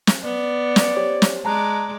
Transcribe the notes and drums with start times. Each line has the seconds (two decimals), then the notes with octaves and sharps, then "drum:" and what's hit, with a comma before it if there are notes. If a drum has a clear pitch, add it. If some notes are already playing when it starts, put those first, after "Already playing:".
0.07 drum: snare
0.24 B3 D5
0.76 drum: snare
0.95 G4 C5 C#5
1.22 drum: snare
1.45 G#3 D5 A5 A#5 F#6